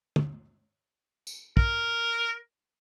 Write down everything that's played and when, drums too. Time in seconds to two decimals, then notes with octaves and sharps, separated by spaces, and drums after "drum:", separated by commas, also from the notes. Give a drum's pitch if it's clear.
0.16 drum: tom
1.27 drum: tambourine
1.57 A#4, drum: kick